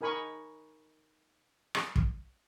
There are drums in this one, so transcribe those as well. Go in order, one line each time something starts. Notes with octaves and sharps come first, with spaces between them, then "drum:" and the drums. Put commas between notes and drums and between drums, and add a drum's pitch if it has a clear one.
D#4 A#4 G#5 B5 C#6
drum: rim click
drum: kick